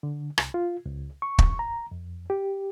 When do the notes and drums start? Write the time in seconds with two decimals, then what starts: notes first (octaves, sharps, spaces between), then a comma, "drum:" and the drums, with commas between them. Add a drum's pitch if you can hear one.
0.03 D3
0.38 C2, drum: rim click
0.54 F4
0.86 C#2
1.22 C#6
1.39 drum: kick
1.59 A#5
1.91 F2
2.30 G4